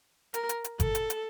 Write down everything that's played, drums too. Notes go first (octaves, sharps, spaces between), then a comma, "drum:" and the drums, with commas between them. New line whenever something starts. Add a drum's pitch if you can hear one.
A#4, drum: hi-hat
drum: hi-hat
drum: hi-hat
A4, drum: kick G1, hi-hat
drum: hi-hat
drum: hi-hat